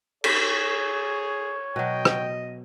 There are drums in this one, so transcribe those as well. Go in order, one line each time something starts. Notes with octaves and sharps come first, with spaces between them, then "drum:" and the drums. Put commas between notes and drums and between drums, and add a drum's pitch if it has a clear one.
G#4 C#5, drum: cymbal
B2 F#3 D#5 G5
drum: rim click